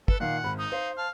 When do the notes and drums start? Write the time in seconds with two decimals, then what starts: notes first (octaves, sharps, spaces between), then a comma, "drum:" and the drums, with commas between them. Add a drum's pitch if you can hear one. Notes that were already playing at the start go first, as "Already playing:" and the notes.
0.08 A4 B4, drum: kick
0.20 A#2 D#3 A#3 F5 F#5
0.44 G#1 B5
0.59 D#4 D#6
0.72 C5 F5
0.97 F5 A5